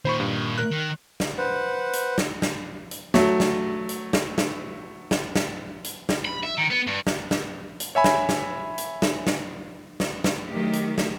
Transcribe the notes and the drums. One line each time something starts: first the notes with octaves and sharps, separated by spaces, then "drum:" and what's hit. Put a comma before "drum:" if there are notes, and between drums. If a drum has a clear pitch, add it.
A#2 D#3 C5 B5 C#6
G2
A#4 F#6
D#3
drum: snare
B4 C5 F#5
drum: hi-hat
drum: snare
drum: snare
drum: hi-hat
F#3 A3, drum: snare
drum: snare
drum: hi-hat
drum: snare
drum: snare
drum: snare
drum: snare
drum: hi-hat
drum: snare
B5
E5
D#3
B3
G2
drum: snare
drum: snare
drum: hi-hat
C#5 E5 G#5 B5
drum: snare
drum: snare
drum: hi-hat
drum: snare
drum: snare
drum: snare
drum: snare
D#3 F#3 A3 G4
drum: hi-hat
drum: snare